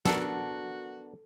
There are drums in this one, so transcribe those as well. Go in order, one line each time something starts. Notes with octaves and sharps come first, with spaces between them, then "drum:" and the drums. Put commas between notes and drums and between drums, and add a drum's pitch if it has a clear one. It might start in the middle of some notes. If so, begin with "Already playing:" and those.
B3 D4 F#4 A4 A#4, drum: snare